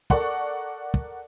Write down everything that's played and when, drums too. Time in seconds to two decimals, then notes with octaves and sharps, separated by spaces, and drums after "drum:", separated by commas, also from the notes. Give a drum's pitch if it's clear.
0.10 A4 A#4 D5 F#5 C#6, drum: kick
0.94 drum: kick